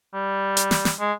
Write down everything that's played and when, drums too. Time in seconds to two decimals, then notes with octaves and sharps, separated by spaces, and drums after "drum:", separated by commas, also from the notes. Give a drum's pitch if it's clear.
0.14 G3
0.57 drum: hi-hat
0.71 drum: snare
0.85 drum: snare
1.00 G#3